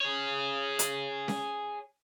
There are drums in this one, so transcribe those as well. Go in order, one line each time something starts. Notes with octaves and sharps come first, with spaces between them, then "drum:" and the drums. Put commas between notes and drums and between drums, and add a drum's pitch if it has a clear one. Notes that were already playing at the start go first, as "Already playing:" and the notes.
G#4 C#5
drum: hi-hat
drum: snare C#4